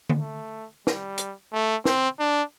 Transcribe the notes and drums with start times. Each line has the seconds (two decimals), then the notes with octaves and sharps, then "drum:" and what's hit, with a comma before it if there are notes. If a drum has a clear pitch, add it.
0.09 drum: tom D3
0.20 A3
0.87 G3, drum: snare
1.18 drum: hi-hat
1.53 A3
1.85 C4, drum: snare
2.19 D4